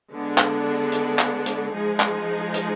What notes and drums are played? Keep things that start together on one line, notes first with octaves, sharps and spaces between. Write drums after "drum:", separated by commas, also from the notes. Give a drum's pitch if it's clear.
D3 G#3 B3 D4
drum: clap
drum: hi-hat
drum: clap
drum: hi-hat
F3 G#3 D#4 G#4
drum: clap
drum: hi-hat